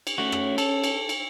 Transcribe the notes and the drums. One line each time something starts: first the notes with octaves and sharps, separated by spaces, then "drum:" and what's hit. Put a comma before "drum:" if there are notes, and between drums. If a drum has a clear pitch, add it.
drum: cymbal
A3 C#4 F#4
drum: rim click
A4, drum: cymbal
drum: cymbal
drum: cymbal